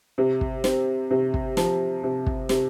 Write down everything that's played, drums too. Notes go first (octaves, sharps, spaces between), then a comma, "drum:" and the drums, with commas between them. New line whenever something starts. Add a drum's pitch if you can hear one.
C3
drum: kick
C4, drum: snare
C3
drum: kick
F3, drum: snare
C3
drum: kick
C3, drum: snare